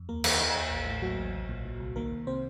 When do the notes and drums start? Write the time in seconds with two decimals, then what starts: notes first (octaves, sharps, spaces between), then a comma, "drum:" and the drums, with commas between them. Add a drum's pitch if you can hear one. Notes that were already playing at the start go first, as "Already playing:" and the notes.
Already playing: F2
0.09 D#2 A#3 A#4
0.24 D#3 A#3 A#4, drum: cymbal
0.40 D#3
0.55 D#2
0.71 A1
0.87 A2
1.02 A2 F#3 F#4
1.18 A1
1.34 C2
1.49 A#2
1.65 A#2
1.80 C2
1.96 D#3 A#3 A#4
2.12 C2
2.27 C3 C4 C5